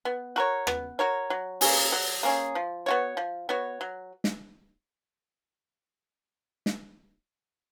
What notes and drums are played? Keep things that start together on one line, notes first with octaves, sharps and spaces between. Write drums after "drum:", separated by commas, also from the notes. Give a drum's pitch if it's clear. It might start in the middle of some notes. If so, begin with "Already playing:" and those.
B3
F#4 A#4 C#5
B3, drum: rim click
F#4 A#4 C#5
F#3
A#3 C#4 G#4, drum: open hi-hat
F#3
A#3 C#4 G#4
F3
B3 F#4 C#5
F3
B3 F#4 C#5
F#3
drum: snare
drum: snare